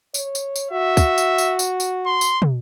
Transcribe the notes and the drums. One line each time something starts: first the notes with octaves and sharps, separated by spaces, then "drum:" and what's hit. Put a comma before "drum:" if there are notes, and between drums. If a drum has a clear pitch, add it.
C#5, drum: tambourine
drum: tambourine
drum: tambourine
F#4 E5
drum: kick, tambourine
drum: tambourine
drum: tambourine
drum: tambourine
drum: tambourine
C6
drum: tambourine
drum: tom